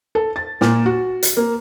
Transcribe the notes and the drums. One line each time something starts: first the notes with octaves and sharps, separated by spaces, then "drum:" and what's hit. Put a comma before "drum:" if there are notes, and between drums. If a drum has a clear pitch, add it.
A4
A6
A#2, drum: snare
F#4
drum: hi-hat
A#3